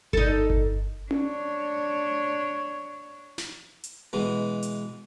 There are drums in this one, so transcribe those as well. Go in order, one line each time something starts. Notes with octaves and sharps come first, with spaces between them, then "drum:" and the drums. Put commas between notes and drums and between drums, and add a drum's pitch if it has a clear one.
D#4 A4, drum: kick G1
drum: kick G1
D4 C#5, drum: tom C#4
drum: snare
drum: hi-hat
B2 E3 G#3
drum: hi-hat